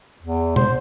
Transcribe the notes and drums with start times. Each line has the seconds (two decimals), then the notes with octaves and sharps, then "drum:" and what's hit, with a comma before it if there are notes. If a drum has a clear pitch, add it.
0.23 E2
0.56 C5, drum: tom